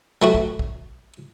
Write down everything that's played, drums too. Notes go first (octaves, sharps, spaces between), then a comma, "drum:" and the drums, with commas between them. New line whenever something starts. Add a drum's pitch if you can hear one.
F#3 A3 F#4
drum: kick
drum: kick